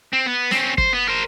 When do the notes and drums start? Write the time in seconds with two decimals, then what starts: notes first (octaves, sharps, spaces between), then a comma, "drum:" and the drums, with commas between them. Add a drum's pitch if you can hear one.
0.13 C4
0.26 B3
0.51 C4 C#4, drum: snare
0.78 C5, drum: kick
0.93 B3
1.08 A#4 C5